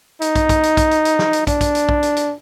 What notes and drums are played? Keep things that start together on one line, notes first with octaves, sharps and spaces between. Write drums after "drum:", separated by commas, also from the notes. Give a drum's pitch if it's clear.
D#4, drum: hi-hat
drum: kick, hi-hat
drum: kick, hi-hat
drum: hi-hat
drum: kick, hi-hat
drum: hi-hat
drum: hi-hat
drum: snare
drum: hi-hat
D4, drum: kick, hi-hat
drum: kick, hi-hat
drum: hi-hat
drum: kick
drum: hi-hat
drum: hi-hat